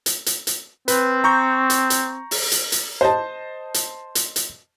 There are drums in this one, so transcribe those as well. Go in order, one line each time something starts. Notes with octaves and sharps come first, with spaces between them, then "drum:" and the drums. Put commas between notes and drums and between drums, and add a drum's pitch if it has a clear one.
drum: hi-hat
drum: hi-hat
drum: hi-hat
C4 B4, drum: hi-hat
A#5 C#6 G6
drum: hi-hat
drum: hi-hat
drum: open hi-hat
drum: hi-hat
drum: hi-hat
C5 D#5 A5
drum: hi-hat
drum: hi-hat
drum: hi-hat